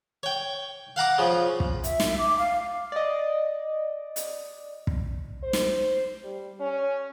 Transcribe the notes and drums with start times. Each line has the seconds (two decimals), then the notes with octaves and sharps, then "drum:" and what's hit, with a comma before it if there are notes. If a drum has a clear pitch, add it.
0.23 C#5 G5
0.96 F5 F#5 A#5 D6
1.18 C#3 F3
1.60 drum: kick
1.84 E5, drum: hi-hat
2.00 drum: snare
2.18 D6
2.39 F5
2.92 D5 D#5
4.16 drum: hi-hat
4.87 drum: kick
5.43 C5
5.53 drum: snare
6.24 G3
6.60 C#4